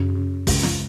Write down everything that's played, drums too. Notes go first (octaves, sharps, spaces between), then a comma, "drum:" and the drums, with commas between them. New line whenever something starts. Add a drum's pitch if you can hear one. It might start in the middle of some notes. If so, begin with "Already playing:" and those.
Already playing: F#2 C#3
C#3
C#2, drum: kick, open hi-hat
drum: snare